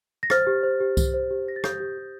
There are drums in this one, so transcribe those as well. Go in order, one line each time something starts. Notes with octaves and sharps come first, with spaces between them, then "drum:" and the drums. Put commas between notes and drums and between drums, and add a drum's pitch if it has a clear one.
A#6
C5 F6 A6, drum: rim click
G4
C5
G4
G4, drum: kick C2, tambourine
C5
G4
C5 A#6
A6
G4 D#6 G6, drum: rim click
G4
G4